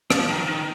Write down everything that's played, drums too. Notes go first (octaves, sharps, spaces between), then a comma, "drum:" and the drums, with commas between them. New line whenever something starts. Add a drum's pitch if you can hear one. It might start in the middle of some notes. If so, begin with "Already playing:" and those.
F3, drum: rim click
D#3
D#3